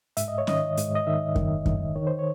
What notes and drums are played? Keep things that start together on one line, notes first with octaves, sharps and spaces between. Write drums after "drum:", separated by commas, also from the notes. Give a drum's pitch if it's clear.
G#2 E5, drum: hi-hat
D#5
C#5
D#3 D#5, drum: snare C#4
G#2, drum: hi-hat
D#5
D#3 E5
D#3, drum: kick F#2
D#3, drum: kick F#2
D#3 C#5
C5
C#5